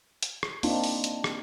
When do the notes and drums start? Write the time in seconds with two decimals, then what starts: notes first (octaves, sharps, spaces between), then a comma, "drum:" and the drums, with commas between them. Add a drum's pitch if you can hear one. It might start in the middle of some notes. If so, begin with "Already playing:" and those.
0.23 drum: hi-hat
0.43 drum: rim click
0.63 A#3 C4 D4 D#4 F4, drum: open hi-hat
0.84 drum: open hi-hat
1.04 drum: hi-hat
1.24 drum: rim click